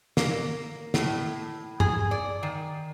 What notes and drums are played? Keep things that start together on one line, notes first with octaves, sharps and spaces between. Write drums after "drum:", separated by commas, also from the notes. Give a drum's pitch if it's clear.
A#3, drum: snare
A2, drum: snare
G#4, drum: tom
D5
D#3